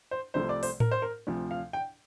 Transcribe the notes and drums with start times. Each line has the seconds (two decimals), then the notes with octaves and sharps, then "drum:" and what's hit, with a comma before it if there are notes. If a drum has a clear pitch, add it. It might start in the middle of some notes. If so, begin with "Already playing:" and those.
0.11 C5
0.34 C2 C3 F3 A3 C5
0.49 D5
0.63 C5, drum: open hi-hat
0.80 A#4, drum: tom A2
0.91 C5
1.02 A#4
1.27 D2 C3 F3
1.51 F5
1.73 G5